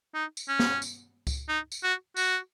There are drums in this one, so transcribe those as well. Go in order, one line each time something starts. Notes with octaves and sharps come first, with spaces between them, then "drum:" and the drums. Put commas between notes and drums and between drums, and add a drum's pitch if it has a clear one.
D#4
drum: tambourine
C#4
drum: snare
drum: tambourine
drum: kick C#2, tambourine
D#4
drum: tambourine
F#4
F#4, drum: tambourine